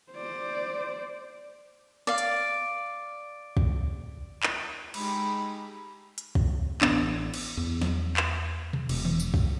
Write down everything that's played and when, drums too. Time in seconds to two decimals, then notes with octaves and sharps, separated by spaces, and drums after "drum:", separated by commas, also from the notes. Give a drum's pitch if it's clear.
0.12 C5 D5
2.07 D5 F5
2.18 drum: hi-hat
3.57 drum: kick
4.43 drum: clap
4.94 G#3 D#4 G4 B5, drum: cymbal
6.18 drum: hi-hat
6.35 drum: kick
6.81 A1 E3 B3 D4, drum: clap
7.34 drum: cymbal
7.57 E2
7.81 drum: snare
8.17 drum: clap
8.73 drum: tom B2
8.89 E1, drum: cymbal
9.05 drum: tom D#3
9.20 drum: tambourine
9.34 drum: kick